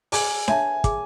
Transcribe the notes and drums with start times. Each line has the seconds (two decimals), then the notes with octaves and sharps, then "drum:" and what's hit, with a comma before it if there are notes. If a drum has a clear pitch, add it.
0.12 G#4 G#5, drum: open hi-hat
0.48 C#5 E5 G#5 A5, drum: snare D4
0.84 G#4, drum: kick, hi-hat